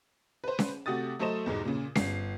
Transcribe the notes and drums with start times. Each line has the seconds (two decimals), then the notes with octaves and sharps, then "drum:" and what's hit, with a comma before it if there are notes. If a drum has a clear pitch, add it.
0.44 B4 C5
0.59 drum: snare C#4
0.86 C3 A3 F#4 G4 D#6 A6
1.19 F#3 A3 A4 C5 D#5 E7
1.46 E2 G#2 B2 G3 G#3
1.65 A#2 C#3
1.96 G1 C7, drum: snare C#4